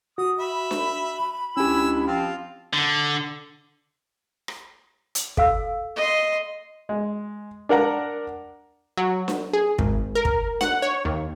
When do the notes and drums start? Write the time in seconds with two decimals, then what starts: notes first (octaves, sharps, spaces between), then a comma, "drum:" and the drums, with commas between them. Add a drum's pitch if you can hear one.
0.18 F#4 D#6
0.39 E5 B5
0.71 drum: snare D4
1.57 C#2 C#4 D4 E4 G4 G#5 E6
2.07 F3 C4 F4
2.73 D3
4.48 drum: rim click
5.15 drum: hi-hat
5.37 A4 F5 E6, drum: kick
5.96 D#5 C6
6.89 G#3
7.69 D4 A#4 F#5 A#5
8.97 F#3
9.28 drum: snare D4
9.53 G#4
9.79 G#1, drum: kick
10.15 A#4
10.25 drum: kick
10.61 F#5, drum: snare D4
10.82 C#5
11.05 D#2